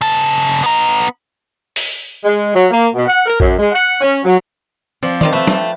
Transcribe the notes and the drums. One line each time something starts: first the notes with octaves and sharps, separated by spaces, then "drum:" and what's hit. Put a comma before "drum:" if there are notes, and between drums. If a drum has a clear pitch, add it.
C#3 A5
B3 A#5
drum: open hi-hat
G#3
F#3
A#3
B2
F#5
A#4
F#2, drum: kick A1
G#3
F#5
C#4
F#3
F3 C4 D5
D#3 F4 D5 F5, drum: tom
A3 B4 E5
drum: snare
G5